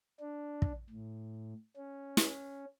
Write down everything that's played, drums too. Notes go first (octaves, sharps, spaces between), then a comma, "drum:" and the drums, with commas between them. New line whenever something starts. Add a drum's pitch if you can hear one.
D4
drum: kick
A2
C#4
drum: snare